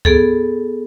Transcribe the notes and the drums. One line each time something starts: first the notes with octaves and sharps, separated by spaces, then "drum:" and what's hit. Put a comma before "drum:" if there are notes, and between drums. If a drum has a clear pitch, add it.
B3 G#4 A4, drum: kick C#2